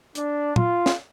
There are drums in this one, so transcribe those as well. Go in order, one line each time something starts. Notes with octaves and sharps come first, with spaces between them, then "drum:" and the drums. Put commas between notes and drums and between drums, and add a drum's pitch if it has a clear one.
D4, drum: hi-hat
F4, drum: tom
drum: snare